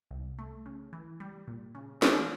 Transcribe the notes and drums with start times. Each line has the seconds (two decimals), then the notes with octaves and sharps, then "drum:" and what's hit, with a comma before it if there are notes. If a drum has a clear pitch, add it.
0.11 C2
0.38 A3
0.66 C#3
0.93 E3
1.20 G3
1.47 A#2
1.75 C#3
2.02 E3, drum: snare